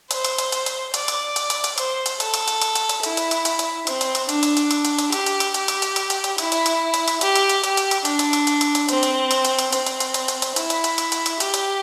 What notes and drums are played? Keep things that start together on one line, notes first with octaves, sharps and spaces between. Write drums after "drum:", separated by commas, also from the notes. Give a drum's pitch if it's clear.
C5, drum: hi-hat
drum: hi-hat
drum: hi-hat
drum: hi-hat
drum: hi-hat
D5, drum: hi-hat
drum: hi-hat
drum: hi-hat
drum: hi-hat
drum: hi-hat
C5, drum: hi-hat
drum: hi-hat
A4, drum: hi-hat
drum: hi-hat
drum: hi-hat
drum: hi-hat
drum: hi-hat
drum: hi-hat
E4, drum: hi-hat
drum: hi-hat
drum: hi-hat
drum: hi-hat
drum: hi-hat
C4, drum: hi-hat
drum: hi-hat
drum: hi-hat
D4, drum: hi-hat
drum: hi-hat
drum: hi-hat
drum: hi-hat
drum: hi-hat
drum: hi-hat
G4, drum: hi-hat
drum: hi-hat
drum: hi-hat
G4, drum: hi-hat
drum: hi-hat
drum: hi-hat
drum: hi-hat
drum: hi-hat
drum: hi-hat
E4, drum: hi-hat
drum: hi-hat
drum: hi-hat
drum: hi-hat
drum: hi-hat
G4, drum: hi-hat
drum: hi-hat
drum: hi-hat
G4, drum: hi-hat
drum: hi-hat
drum: hi-hat
D4, drum: hi-hat
drum: hi-hat
drum: hi-hat
drum: hi-hat
drum: hi-hat
drum: hi-hat
C4, drum: hi-hat
drum: hi-hat
drum: hi-hat
drum: hi-hat
drum: hi-hat
C4, drum: hi-hat
drum: hi-hat
drum: hi-hat
drum: hi-hat
drum: hi-hat
drum: hi-hat
E4, drum: hi-hat
drum: hi-hat
drum: hi-hat
drum: hi-hat
drum: hi-hat
drum: hi-hat
G4, drum: hi-hat
drum: hi-hat